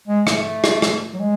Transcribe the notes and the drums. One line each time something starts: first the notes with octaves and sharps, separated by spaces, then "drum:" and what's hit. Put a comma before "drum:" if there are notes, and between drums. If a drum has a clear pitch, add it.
G#3
A3, drum: rim click
drum: rim click
drum: rim click
F#3
G#3